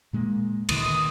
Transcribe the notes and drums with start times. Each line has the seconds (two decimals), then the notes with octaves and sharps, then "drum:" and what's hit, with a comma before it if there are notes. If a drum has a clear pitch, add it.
0.13 A#2 G#3 A#3
0.69 D2 A#2 D#3 D#6, drum: cymbal